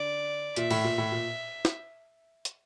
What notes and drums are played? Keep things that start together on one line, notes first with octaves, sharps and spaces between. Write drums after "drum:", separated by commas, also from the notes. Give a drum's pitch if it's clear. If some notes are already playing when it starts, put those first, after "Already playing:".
Already playing: D3 D5
A#2 E5, drum: hi-hat
A2, drum: cymbal
A#2
A2
A#2
drum: snare
drum: hi-hat